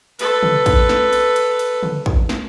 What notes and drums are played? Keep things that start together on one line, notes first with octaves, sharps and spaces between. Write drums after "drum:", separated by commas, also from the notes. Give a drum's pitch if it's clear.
A4 B4, drum: cymbal
drum: tom
drum: kick, cymbal
drum: snare
drum: cymbal
drum: cymbal
drum: cymbal
drum: tom
drum: kick
drum: snare